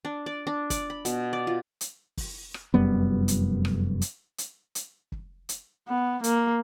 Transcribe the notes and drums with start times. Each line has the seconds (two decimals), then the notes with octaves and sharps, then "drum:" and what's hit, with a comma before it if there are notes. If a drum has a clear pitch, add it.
0.05 D4
0.26 D5
0.47 D4
0.70 D5, drum: kick, hi-hat
0.90 B5
1.05 B2, drum: hi-hat
1.33 D5
1.47 F4
1.81 drum: hi-hat
2.17 drum: kick, open hi-hat
2.54 drum: rim click
2.74 F1 F#2 G3 B3
3.28 drum: hi-hat
3.65 drum: rim click
4.02 drum: hi-hat
4.38 drum: hi-hat
4.75 drum: hi-hat
5.12 drum: kick
5.49 drum: hi-hat
5.89 B3
6.24 A#3, drum: hi-hat